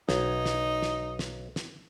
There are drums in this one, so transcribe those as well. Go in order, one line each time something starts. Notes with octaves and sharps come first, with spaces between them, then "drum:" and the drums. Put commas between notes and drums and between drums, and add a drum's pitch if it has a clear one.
B1 D#4, drum: snare
drum: snare
drum: snare
drum: snare
drum: snare